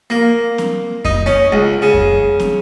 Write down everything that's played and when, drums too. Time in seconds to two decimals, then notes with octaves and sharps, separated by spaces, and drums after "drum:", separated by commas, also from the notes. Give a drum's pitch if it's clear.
0.10 A#3
0.58 drum: snare
1.05 D#4, drum: kick F2
1.26 C#4
1.52 C#2
1.82 C#3
1.94 drum: kick F2
2.40 drum: snare